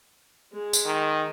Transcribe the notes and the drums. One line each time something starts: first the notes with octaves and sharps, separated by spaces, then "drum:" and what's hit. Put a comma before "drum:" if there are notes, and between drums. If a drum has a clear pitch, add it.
G#3
drum: tambourine
D#3